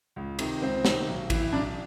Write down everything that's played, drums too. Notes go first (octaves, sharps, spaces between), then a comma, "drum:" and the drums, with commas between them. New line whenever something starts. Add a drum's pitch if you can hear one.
C#2
C3 D#3, drum: cymbal
C#2 C4
C3 D#3, drum: snare
B1
A2 E3, drum: kick A1, cymbal
B1 D4